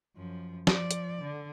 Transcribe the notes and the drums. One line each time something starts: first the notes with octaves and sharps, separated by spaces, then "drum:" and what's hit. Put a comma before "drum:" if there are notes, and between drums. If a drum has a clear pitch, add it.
F#2 F3
F3 D5, drum: snare
drum: hi-hat
D3